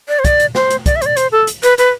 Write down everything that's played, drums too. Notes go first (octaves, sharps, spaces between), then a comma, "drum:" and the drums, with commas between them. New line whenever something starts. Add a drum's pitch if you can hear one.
D5
C5
D5, drum: kick, hi-hat
drum: hi-hat
C5, drum: snare
drum: hi-hat
D5, drum: kick, hi-hat
E5
C5, drum: hi-hat
D5
C5, drum: hi-hat
A4
drum: hi-hat
B4, drum: hi-hat
B4, drum: hi-hat